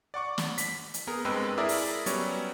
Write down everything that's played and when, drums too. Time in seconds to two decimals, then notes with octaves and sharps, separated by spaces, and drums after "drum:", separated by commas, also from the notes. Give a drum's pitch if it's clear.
0.14 D5 F#5 C#6 D6
0.38 drum: snare
0.58 B6, drum: hi-hat
0.94 drum: hi-hat
1.07 B3 G#4 A#4
1.25 G2 G#3 C4 B4 G5 E6
1.58 E4 G#4 A#4 D5 E5
1.69 drum: open hi-hat
2.06 F#3 G3 B3 C#4 C#5, drum: hi-hat